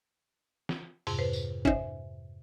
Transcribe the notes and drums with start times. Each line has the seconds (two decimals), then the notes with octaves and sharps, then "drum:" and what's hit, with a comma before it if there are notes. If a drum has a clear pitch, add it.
0.69 drum: snare
1.07 F2 G#2 C3, drum: open hi-hat
1.19 B4 C5
1.33 drum: tambourine
1.65 C#4 D#4 C5 E5 G#5, drum: kick